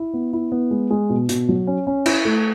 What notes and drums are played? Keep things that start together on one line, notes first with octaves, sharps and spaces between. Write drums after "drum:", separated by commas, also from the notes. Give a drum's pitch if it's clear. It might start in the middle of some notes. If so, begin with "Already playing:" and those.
Already playing: E4
B3
E4
B3
G#3
G#3
B2
B2, drum: hi-hat
F#3
C#4
C#4
E4, drum: cymbal
A3